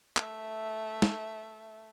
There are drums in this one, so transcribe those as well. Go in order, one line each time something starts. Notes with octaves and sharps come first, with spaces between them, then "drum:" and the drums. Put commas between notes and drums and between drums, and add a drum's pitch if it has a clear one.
A3 E5, drum: clap
drum: snare